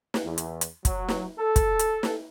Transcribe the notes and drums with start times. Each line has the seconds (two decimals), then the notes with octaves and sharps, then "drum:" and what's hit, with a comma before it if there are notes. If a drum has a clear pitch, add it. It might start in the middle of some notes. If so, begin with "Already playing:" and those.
0.14 drum: snare
0.24 E2
0.38 drum: hi-hat
0.61 drum: hi-hat
0.85 F#3, drum: kick, hi-hat
1.08 drum: snare
1.39 A4
1.56 drum: kick, hi-hat
1.79 drum: hi-hat
2.03 drum: snare